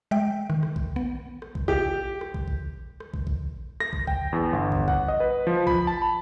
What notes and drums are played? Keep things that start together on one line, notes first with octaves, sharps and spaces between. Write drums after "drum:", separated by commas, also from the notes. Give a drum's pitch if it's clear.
G#3 E5 G5
D#3
drum: rim click
drum: kick
B3
drum: rim click
drum: kick
G4, drum: kick
drum: rim click
drum: kick
drum: kick
drum: rim click
drum: kick
drum: kick
A#6, drum: rim click
drum: kick
G5, drum: kick
E2
G1
drum: kick
F#5, drum: kick
D#5
B4
F3
B5, drum: kick
A5
B5